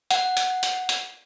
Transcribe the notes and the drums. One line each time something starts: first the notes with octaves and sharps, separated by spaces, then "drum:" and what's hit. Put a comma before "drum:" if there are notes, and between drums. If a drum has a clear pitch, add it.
F#5, drum: hi-hat
drum: hi-hat
drum: hi-hat
drum: hi-hat